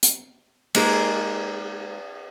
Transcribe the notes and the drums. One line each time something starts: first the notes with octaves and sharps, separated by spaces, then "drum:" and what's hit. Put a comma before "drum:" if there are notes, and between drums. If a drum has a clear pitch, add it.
drum: hi-hat
G#3 A#3 D#4 G4 G#4 A#4, drum: cymbal